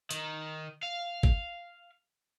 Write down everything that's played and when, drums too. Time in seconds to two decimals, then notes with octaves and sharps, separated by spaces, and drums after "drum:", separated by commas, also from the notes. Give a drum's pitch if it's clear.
0.11 D#3, drum: hi-hat
0.83 F5
1.23 drum: kick